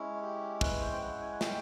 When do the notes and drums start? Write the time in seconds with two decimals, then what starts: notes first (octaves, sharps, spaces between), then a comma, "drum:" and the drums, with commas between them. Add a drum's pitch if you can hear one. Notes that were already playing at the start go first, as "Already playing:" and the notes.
Already playing: G#3 C#4 E4
0.22 G4
0.61 B4, drum: kick
0.81 C5
0.92 G5
1.01 F#5
1.21 G#5
1.32 F#5
1.41 G5, drum: snare